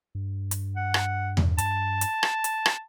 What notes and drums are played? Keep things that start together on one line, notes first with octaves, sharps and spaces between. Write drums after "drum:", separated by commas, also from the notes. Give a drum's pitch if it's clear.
G2
drum: hi-hat
F#5
drum: rim click
drum: tom E2
A5, drum: hi-hat
drum: hi-hat
drum: rim click
drum: hi-hat
drum: rim click